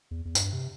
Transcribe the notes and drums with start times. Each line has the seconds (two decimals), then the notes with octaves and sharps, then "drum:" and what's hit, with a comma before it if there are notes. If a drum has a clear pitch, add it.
0.11 E2
0.25 E2
0.35 G2, drum: tambourine
0.52 C3